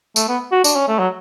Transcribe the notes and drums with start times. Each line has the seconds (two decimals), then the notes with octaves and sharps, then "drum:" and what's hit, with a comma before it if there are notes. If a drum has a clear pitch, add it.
0.16 A3, drum: tambourine
0.29 B3
0.52 F#4
0.64 D4, drum: tambourine
0.76 C#4
0.88 A3
0.99 F#3